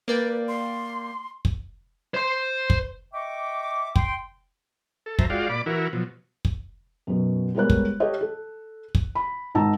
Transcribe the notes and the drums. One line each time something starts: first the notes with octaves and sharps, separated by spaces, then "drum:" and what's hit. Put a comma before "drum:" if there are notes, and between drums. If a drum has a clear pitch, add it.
A#3 B4 D5 G5
C6
drum: kick
C5 C6
drum: kick
D#5 E5 G5 C#6 D6
G5 C6, drum: kick
A4
F#3 C5 E5 A5 A#5, drum: kick
G#3 F4 F#4 D5 F5 G5
A#2 D5 B5 D6
E3 E4 F#4 A#4
B2 F3 F#3
drum: kick
F#2 B2
G3 G#3 B3 A#4 C#5 F#6
drum: kick
G4 A4 C#5 D#5
A4
drum: kick
B5
G#1 D#4 A5 A#5 E6